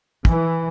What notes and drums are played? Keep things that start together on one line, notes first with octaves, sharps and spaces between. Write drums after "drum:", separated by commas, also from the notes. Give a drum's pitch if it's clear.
E3, drum: kick